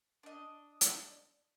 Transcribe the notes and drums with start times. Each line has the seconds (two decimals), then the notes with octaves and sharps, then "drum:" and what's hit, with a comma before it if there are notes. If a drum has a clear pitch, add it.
0.23 D4 D#5
0.81 drum: hi-hat